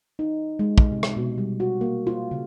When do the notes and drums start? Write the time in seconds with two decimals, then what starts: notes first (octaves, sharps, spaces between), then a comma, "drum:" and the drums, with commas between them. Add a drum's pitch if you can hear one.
0.19 D#4
0.59 G#3
0.78 drum: kick
0.92 C3
1.03 drum: rim click
1.17 B2
1.38 G3
1.60 F#4
1.81 A#3
2.07 F4
2.31 C#3